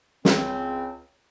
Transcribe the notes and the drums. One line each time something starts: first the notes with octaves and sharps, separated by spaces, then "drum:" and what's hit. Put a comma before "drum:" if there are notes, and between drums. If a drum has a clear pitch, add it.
C#2 C4, drum: snare